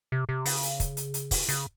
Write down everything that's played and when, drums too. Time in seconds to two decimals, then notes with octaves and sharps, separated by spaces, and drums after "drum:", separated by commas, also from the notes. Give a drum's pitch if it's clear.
0.12 C3
0.29 C3
0.45 C#3, drum: open hi-hat
0.63 drum: hi-hat
0.80 drum: kick, hi-hat
0.97 drum: hi-hat
1.14 drum: hi-hat
1.31 drum: kick, open hi-hat
1.49 C#3, drum: hi-hat